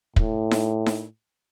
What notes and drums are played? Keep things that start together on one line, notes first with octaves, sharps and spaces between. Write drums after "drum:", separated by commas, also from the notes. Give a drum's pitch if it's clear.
A2, drum: kick
drum: snare D#4
drum: snare D#4